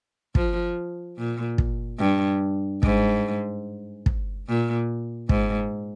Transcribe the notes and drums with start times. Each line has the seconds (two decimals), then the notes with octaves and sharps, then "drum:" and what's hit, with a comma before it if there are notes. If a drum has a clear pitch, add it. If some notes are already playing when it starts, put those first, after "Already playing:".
0.35 F3, drum: kick
1.17 A#2
1.58 drum: kick
1.99 G2
2.83 G#2, drum: kick
4.06 drum: kick
4.47 A#2
5.29 G#2, drum: kick